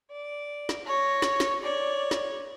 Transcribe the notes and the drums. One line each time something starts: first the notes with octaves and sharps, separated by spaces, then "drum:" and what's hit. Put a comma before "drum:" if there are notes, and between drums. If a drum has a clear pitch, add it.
D5
drum: snare
C#5 A#6
drum: snare
drum: snare
C#5 D5
drum: snare